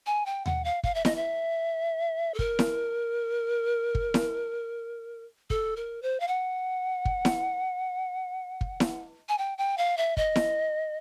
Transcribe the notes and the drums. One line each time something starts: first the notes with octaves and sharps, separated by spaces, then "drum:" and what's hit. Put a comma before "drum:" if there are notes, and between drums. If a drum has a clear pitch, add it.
G#5
G5
F#5, drum: tom D#2
F5
F5, drum: kick
E5
D#5, drum: snare E4
E5
A4
A#4, drum: kick
drum: snare E4
drum: kick
drum: snare E4
A4, drum: kick
A#4
C5
F5
F#5
drum: kick
drum: snare E4
drum: kick
drum: snare E4
G#5
G5
G5
F5
E5
D#5, drum: kick
drum: snare E4